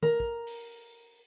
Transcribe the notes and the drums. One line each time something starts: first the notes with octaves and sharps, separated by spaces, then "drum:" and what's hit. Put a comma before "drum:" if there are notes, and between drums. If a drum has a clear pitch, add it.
A#4 A#5, drum: tom
drum: kick
drum: open hi-hat